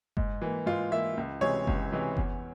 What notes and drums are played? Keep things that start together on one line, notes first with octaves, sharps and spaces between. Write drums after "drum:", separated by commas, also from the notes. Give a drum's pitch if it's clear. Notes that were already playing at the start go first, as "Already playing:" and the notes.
G#2, drum: kick F#1
E3 A#3
G#2 F4
E3 A#3 E5
C#2
C3 E3 G#3 C#5
C#2, drum: kick F#1
C3 E3 G#3
E2, drum: kick F#1